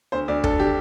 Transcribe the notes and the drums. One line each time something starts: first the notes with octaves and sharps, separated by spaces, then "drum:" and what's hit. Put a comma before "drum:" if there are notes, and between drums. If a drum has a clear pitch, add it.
D2 C5
D2 D5
D3 A4, drum: kick
D3 G4